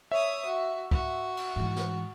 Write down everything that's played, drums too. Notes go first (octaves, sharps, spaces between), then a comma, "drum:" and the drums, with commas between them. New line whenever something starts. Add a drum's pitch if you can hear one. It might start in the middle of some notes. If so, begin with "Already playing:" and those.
C#5 E5 D#6
F#4
F#4, drum: kick
drum: cymbal
G#2 E3
drum: snare